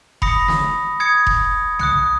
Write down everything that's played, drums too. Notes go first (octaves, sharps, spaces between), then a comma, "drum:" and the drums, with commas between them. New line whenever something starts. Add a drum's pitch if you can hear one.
B5 D#6 A#6 C#7, drum: kick F1
drum: snare
D#6 G#6 C#7
drum: kick F1
D#6 F#6 C#7, drum: tom B1